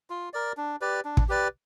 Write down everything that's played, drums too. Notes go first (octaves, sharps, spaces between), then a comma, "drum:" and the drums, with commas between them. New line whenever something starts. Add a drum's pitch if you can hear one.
F4
A#4 D5
D4
G4 B4 D5
D4
drum: kick
G4 B4 D5